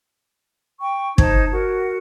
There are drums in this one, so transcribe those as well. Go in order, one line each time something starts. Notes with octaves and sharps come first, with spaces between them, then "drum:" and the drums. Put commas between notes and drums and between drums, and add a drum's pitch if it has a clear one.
G5 C#6
D#4 C5 A5 G#6, drum: kick
F#4 A#4